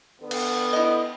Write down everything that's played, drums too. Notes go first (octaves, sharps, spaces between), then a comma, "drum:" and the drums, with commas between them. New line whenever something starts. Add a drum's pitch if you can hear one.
D3 B3
drum: cymbal
E4 D#5